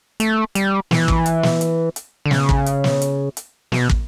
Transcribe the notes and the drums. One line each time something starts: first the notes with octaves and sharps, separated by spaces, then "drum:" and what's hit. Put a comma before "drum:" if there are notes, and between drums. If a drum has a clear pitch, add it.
A3, drum: hi-hat
G3, drum: hi-hat
E3, drum: snare
drum: kick
drum: hi-hat
drum: snare
drum: hi-hat
drum: hi-hat
D3
C#3, drum: snare
drum: kick
drum: hi-hat
drum: snare
drum: hi-hat
drum: hi-hat
B2, drum: snare
drum: kick